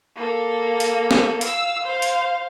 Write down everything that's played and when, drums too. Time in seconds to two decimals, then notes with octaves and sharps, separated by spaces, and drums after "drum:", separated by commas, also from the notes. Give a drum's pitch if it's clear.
0.16 A#3 A4
0.80 drum: hi-hat
1.11 drum: snare
1.41 F5 E6, drum: hi-hat
1.85 C5 F5
2.02 drum: hi-hat